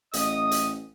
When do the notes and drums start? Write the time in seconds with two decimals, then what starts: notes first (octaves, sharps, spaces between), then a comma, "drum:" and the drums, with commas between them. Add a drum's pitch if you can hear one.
0.13 A1 D#5 D#6, drum: hi-hat
0.51 drum: hi-hat